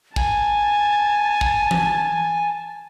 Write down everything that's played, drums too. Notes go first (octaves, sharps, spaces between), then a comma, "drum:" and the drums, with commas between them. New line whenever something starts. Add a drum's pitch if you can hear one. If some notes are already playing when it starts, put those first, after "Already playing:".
G#5 A5, drum: kick
drum: kick
drum: tom E3